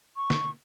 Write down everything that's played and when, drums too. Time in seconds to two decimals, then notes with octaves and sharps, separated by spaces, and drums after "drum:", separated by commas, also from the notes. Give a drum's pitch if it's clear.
0.16 C#6
0.30 drum: snare